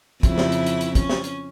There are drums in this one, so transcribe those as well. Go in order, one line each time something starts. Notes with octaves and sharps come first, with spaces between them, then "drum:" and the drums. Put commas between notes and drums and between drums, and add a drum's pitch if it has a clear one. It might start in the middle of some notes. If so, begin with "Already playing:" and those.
F2 C#3 E4, drum: kick, hi-hat
drum: snare
drum: hi-hat
drum: hi-hat
drum: hi-hat
C#4, drum: kick, hi-hat
drum: snare
drum: hi-hat